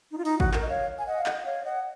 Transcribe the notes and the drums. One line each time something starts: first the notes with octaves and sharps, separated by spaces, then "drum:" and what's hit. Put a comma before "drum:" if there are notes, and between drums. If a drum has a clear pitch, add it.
D#4
F4
D#4, drum: open hi-hat
F#4, drum: kick
A#4, drum: clap
D#5
C#5 F5
G#5
D#5 F#5
F5
D#5 F#5, drum: clap
C#5 F5
D#5 F#5